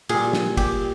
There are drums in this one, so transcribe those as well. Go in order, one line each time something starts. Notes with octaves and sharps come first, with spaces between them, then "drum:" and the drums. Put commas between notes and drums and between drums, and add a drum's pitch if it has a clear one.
A#2 G3 G#4, drum: cymbal
drum: snare
G4, drum: kick, cymbal